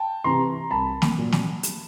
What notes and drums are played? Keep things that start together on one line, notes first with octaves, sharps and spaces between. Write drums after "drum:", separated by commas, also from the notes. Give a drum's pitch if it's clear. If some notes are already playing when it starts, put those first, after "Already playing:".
Already playing: G5 A5
C3 E3 A#5 C6
C2 A5 B5
drum: snare
A#2 F#3
drum: snare
drum: hi-hat